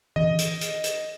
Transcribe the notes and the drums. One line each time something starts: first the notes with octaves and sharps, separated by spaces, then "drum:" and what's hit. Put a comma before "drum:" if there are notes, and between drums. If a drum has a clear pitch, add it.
D#5, drum: tom E3
drum: hi-hat
drum: hi-hat
drum: hi-hat